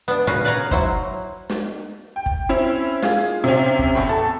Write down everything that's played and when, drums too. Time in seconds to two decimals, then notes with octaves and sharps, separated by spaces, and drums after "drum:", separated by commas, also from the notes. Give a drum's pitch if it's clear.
0.08 B3 D4
0.27 A#2 C#3 F#4 B4 F5
0.44 B4 D5 F5 F#5 G#5 A#5
0.71 F#3 E4 C5, drum: kick
1.50 drum: snare
2.16 G5
2.26 drum: kick
2.49 C4 C#4 E4
3.02 F4 G#4, drum: snare
3.44 C3 C4 C#4
3.79 drum: kick
3.95 E2 A2
4.09 A4